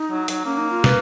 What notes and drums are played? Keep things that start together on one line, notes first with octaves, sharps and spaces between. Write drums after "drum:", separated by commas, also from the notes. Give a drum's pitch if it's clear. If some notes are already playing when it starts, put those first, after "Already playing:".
Already playing: D#4
F#3
F#3, drum: open hi-hat
A#3 C#4
D#4
F4
B4, drum: snare